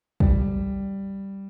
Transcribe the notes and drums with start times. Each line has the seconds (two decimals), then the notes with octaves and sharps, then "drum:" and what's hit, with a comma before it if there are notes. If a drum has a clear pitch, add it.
0.20 G3, drum: kick